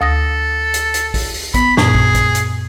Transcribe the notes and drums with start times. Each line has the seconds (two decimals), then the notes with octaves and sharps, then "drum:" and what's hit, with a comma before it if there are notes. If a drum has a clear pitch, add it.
0.01 D2 A4 D#6 A#6
0.74 drum: hi-hat
0.94 drum: hi-hat
1.14 drum: kick, open hi-hat
1.34 drum: open hi-hat
1.54 B3 B5, drum: kick, hi-hat
1.77 F#2 A#2 G#4, drum: snare
1.94 drum: kick
2.15 drum: kick, hi-hat
2.35 drum: hi-hat